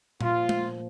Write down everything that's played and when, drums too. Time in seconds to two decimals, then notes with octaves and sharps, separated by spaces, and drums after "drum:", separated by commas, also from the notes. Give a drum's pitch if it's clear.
0.21 A#2 F3 F4, drum: tom A#2
0.49 drum: tom